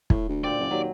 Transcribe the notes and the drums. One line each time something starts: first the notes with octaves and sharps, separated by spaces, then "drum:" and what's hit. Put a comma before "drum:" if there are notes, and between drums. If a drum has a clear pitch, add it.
A2, drum: kick
D2
A#2 C4 D5
F#1
D#2 F#3